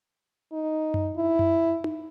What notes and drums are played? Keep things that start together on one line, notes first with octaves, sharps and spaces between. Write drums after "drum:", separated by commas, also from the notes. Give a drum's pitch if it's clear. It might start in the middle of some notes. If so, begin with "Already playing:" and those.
D#4
drum: tom F#2
E4
drum: tom F#2
drum: tom D#4